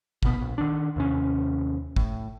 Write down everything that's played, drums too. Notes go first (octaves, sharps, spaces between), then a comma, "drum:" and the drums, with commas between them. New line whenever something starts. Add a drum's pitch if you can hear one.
D1 B2 B3, drum: kick
A#1
D#3 D4
D#2 C3 C#4
A2, drum: kick